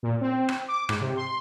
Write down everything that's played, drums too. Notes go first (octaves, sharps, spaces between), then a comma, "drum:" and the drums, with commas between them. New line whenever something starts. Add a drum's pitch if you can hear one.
A#2
C4
drum: rim click
D6
G#2, drum: rim click
C3
C6